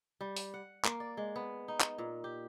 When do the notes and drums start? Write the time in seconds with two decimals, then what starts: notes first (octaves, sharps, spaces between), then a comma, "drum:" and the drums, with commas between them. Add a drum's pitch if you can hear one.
0.21 G3
0.37 drum: open hi-hat
0.54 F#5
0.84 A#3, drum: clap
1.00 D5
1.17 G#3
1.36 B3
1.68 D#4
1.80 drum: clap
1.98 A#2
2.24 G4